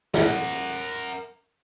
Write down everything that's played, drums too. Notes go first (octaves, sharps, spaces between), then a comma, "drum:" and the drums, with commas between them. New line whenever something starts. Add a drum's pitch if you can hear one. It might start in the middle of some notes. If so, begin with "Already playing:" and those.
A#4 F#5, drum: snare